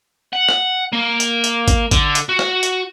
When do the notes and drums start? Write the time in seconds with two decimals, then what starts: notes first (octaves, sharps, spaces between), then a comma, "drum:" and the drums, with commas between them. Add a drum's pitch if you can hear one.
0.33 F#5
0.49 drum: rim click
0.93 A#3
1.20 drum: hi-hat
1.44 drum: hi-hat
1.68 drum: kick, hi-hat
1.91 D3, drum: kick, hi-hat
2.15 drum: hi-hat
2.29 F#4
2.39 drum: rim click
2.63 drum: hi-hat